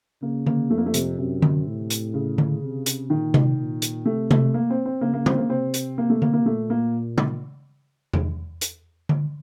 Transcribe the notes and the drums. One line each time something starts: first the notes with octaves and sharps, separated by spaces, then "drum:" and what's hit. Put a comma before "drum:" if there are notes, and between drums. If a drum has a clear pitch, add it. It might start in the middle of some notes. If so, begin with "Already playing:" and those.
C#3 A#3
A#3, drum: tom D3
F2 A3
A#3
A3
C3, drum: hi-hat
F#2 C3
drum: tom D3
A2
drum: hi-hat
C#3
drum: tom D3
C3
drum: hi-hat
A#2 D#3
drum: tom C3
A#2
drum: hi-hat
C3 A3
A3, drum: tom C3
A#3
C4
C4
C#3 A#3
A#3
C4, drum: tom C#3
A#3
C3 C4
drum: hi-hat
A#3
A3
A#3, drum: tom D3
A#3
A#2 A3
A#3
drum: tom C#3
drum: tom E2
drum: hi-hat
drum: tom D3